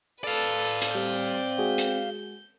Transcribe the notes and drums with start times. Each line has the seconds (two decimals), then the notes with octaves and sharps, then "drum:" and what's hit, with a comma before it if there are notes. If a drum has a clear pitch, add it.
0.24 A4 B4 D5 F5
0.82 drum: hi-hat
0.95 G3 C4 G6
1.58 G#3 F#4 G#4
1.78 drum: hi-hat